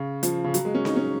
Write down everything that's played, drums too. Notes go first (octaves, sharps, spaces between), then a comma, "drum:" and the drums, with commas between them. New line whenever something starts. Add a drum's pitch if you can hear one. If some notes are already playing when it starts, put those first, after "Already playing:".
Already playing: C#3
F3, drum: hi-hat
C#3
F#3, drum: hi-hat
G#3
C#4
D#4, drum: snare C4
C#4